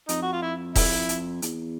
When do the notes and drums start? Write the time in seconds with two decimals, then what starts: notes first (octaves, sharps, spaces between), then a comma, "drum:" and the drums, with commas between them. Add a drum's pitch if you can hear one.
0.09 F2 D#4, drum: hi-hat
0.22 F#4
0.33 F4
0.42 E4
0.75 E4, drum: kick E1, open hi-hat
1.09 drum: hi-hat
1.42 E2, drum: hi-hat